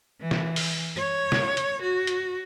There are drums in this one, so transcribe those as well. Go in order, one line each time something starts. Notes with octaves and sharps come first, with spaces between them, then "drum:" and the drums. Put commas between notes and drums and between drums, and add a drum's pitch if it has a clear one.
E3
drum: snare
drum: open hi-hat
C#5
drum: snare
drum: hi-hat
F#4
drum: hi-hat